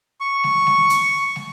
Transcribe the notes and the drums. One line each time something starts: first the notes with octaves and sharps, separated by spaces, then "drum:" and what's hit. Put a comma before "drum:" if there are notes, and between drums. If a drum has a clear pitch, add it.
C#6
drum: snare
drum: snare
drum: hi-hat
drum: snare